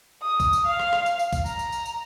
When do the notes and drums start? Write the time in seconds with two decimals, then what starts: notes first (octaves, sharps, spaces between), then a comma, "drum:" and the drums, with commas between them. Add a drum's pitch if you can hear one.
0.22 D#6
0.40 drum: kick, tambourine
0.53 drum: tambourine
0.67 F5
0.80 drum: rim click
0.93 drum: rim click
1.06 drum: tambourine
1.19 drum: tambourine
1.33 drum: kick, tambourine
1.46 A#5, drum: tambourine
1.59 drum: tambourine
1.72 drum: tambourine
1.86 drum: tambourine